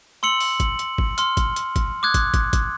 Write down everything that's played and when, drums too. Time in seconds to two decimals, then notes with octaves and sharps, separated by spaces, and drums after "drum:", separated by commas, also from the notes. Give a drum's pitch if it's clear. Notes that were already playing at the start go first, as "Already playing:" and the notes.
0.23 C6 E6 C#7 F#7
0.40 drum: open hi-hat
0.60 drum: kick, hi-hat
0.79 drum: hi-hat
0.98 drum: kick
1.18 C6 F6, drum: hi-hat
1.37 drum: kick, hi-hat
1.56 drum: hi-hat
1.76 drum: kick, hi-hat
2.03 D6 D#6 F#6 G#6
2.14 drum: kick, hi-hat
2.34 drum: kick, hi-hat
2.53 drum: kick, hi-hat